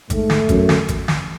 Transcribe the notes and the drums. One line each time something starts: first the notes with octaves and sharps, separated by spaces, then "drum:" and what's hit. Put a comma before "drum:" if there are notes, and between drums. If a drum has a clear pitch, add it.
G#2 A3, drum: kick G#1, hi-hat
drum: snare
F#2, drum: kick G#1, hi-hat
drum: snare
drum: kick G#1, hi-hat
drum: snare